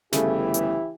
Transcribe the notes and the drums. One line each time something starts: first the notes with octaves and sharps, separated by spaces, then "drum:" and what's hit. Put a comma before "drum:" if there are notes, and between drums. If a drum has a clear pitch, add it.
G1 C#3 E3 A3 E4 G4, drum: snare
drum: hi-hat